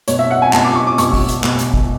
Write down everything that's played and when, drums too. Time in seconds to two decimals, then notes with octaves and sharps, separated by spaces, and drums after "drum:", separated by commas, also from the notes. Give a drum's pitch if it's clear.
0.08 B2 C#5, drum: hi-hat
0.19 E5
0.31 F#5
0.42 G#5
0.53 B2 A5, drum: clap
0.64 D6
0.75 C#6
0.87 D6
0.98 B2 C#6, drum: hi-hat
1.13 drum: kick, open hi-hat
1.28 drum: hi-hat
1.44 B2, drum: clap
1.59 drum: hi-hat
1.74 drum: kick